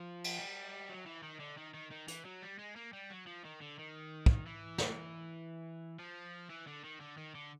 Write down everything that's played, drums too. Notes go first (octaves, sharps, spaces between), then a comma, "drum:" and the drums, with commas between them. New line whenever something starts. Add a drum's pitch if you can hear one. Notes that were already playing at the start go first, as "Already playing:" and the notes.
Already playing: F3
drum: cymbal
G3
F#3
E3
D#3
D3
D#3
D#3
D#3
E3, drum: hi-hat
F#3
G3
G#3
A#3
G3
F#3
F3
D#3
D3
D#3
drum: kick
E3
drum: snare
F3
E3
D3
D#3
D3
D#3
D3